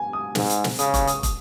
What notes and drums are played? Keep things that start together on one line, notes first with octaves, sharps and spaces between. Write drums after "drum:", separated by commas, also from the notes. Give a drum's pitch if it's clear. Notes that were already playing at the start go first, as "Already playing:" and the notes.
Already playing: G#5
D#6
G#2, drum: snare
drum: hi-hat
drum: snare
C#3 D#6, drum: hi-hat
C#6, drum: kick, hi-hat
D#6, drum: hi-hat
D#6, drum: kick, hi-hat